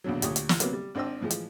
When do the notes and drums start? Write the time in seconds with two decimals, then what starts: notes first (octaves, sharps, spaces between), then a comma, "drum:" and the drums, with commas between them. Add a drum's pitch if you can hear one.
0.04 A#1 E2 B2 D3 F#3
0.22 D2 A#2 G4 C#5 D#6, drum: hi-hat
0.36 drum: hi-hat
0.49 drum: snare
0.60 C3 F#3 A#3 B3, drum: hi-hat
0.73 G3
0.95 G#1 D4 C5 D#5 G5 E6
1.21 A2 E3 F3 G#3
1.30 drum: hi-hat